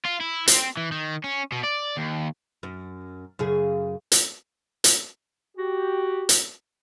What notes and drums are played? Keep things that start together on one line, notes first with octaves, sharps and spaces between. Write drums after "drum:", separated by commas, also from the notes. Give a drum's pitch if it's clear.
F4
E4
C4, drum: hi-hat
E3
D#3
C#4
B2
D5
D#2
F#2
F#2 C#3 G#4
drum: hi-hat
drum: hi-hat
F#4 G4
drum: hi-hat